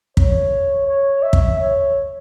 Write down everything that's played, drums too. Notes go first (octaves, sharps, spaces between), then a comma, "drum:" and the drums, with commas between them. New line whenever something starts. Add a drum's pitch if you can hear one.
C#5, drum: kick
C#5
E5
drum: kick
C#5